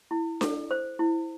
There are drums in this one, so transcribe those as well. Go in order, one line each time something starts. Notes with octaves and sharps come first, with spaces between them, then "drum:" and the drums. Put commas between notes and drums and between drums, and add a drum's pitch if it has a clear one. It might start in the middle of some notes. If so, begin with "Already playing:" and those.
E4
A4, drum: snare D4
C5
E4